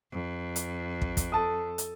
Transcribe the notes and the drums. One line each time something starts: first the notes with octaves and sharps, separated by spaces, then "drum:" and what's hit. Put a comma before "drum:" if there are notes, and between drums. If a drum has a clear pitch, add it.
F2
drum: hi-hat
drum: kick
drum: kick, hi-hat
A4 A5 D#6
drum: hi-hat